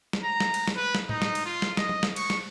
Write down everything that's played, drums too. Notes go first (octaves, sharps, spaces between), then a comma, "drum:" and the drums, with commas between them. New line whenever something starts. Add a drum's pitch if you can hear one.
drum: snare
A#5
drum: snare
drum: cymbal
drum: snare
B4
drum: snare
D#4, drum: tom A2
drum: snare
drum: cymbal
F4
drum: snare
D#5, drum: snare
drum: tom
drum: snare
C#6, drum: cymbal
drum: snare